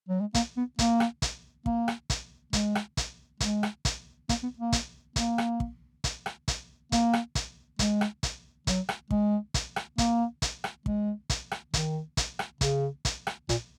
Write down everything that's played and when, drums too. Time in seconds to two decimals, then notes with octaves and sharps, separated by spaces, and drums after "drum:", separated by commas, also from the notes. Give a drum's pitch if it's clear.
0.09 F#3
0.20 G#3
0.34 A#3, drum: kick, hi-hat
0.57 B3
0.79 A#3, drum: kick, hi-hat
1.00 drum: rim click
1.22 drum: kick, hi-hat
1.66 A#3, drum: kick
1.88 drum: rim click
2.10 drum: kick, hi-hat
2.53 G#3, drum: kick, hi-hat
2.75 drum: rim click
2.97 drum: kick, hi-hat
3.40 G#3, drum: kick, hi-hat
3.63 drum: rim click
3.85 drum: kick, hi-hat
4.29 A#3, drum: kick, hi-hat
4.43 B3
4.58 A#3
4.72 drum: kick, hi-hat
5.16 A#3, drum: kick, hi-hat
5.38 drum: rim click
5.60 drum: kick
6.04 drum: kick, hi-hat
6.26 drum: rim click
6.48 drum: kick, hi-hat
6.92 A#3, drum: kick, hi-hat
7.13 drum: rim click
7.35 drum: kick, hi-hat
7.79 G#3, drum: kick, hi-hat
8.01 drum: rim click
8.23 drum: kick, hi-hat
8.67 F#3, drum: kick, hi-hat
8.89 drum: rim click
9.11 G#3, drum: kick
9.54 drum: kick, hi-hat
9.76 drum: rim click
9.98 A#3, drum: kick, hi-hat
10.42 drum: kick, hi-hat
10.64 drum: rim click
10.86 G#3, drum: kick
11.30 drum: kick, hi-hat
11.51 drum: rim click
11.74 D#3, drum: kick, hi-hat
12.17 drum: kick, hi-hat
12.39 drum: rim click
12.61 C#3, drum: kick, hi-hat
13.05 drum: kick, hi-hat
13.27 drum: rim click
13.49 A#2, drum: kick, hi-hat